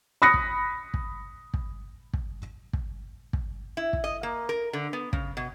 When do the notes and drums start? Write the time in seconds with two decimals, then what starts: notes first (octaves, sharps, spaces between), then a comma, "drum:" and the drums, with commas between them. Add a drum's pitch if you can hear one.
0.22 B5 D#6 F#6 A#6 C#7
0.34 drum: kick
0.94 drum: kick
1.54 drum: kick
2.13 drum: kick
2.73 drum: kick
3.33 drum: kick
3.77 E4
3.93 drum: kick
4.04 D#5
4.23 A#3
4.49 A#4
4.73 D3
4.93 B3
5.13 C#3, drum: kick
5.37 B2